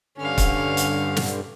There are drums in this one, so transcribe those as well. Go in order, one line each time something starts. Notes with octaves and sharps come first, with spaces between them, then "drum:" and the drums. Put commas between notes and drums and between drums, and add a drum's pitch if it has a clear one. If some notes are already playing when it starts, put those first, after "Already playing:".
G2 D3 C#4 F5
drum: kick, hi-hat
drum: hi-hat
drum: snare